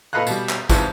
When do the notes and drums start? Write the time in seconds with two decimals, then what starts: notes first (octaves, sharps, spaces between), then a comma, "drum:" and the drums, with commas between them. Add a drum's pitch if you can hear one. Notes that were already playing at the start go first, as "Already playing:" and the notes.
0.13 A#2 A4 B4 D#5 F5 F#6
0.27 B2 G3, drum: tambourine
0.49 drum: clap
0.70 E2 G#2 C3 E3 F3, drum: kick, tambourine